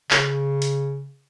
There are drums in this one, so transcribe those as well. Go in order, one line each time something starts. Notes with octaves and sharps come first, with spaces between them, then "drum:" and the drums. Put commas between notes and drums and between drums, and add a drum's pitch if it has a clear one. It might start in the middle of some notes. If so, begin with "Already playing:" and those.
C#3, drum: clap
drum: hi-hat